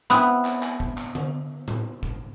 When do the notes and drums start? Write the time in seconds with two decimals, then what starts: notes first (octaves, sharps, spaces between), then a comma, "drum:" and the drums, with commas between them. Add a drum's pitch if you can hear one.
0.10 B3 C4 E4 B5 D#6 F#6
0.45 drum: clap
0.63 drum: clap
0.80 drum: kick
0.98 drum: clap
1.15 drum: tom D3
1.68 drum: tom A2
2.03 drum: kick